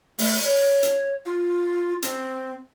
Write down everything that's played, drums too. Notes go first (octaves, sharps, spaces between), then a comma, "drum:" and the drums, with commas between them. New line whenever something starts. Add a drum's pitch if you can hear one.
A3, drum: open hi-hat
C#5
drum: hi-hat
F4
C4, drum: hi-hat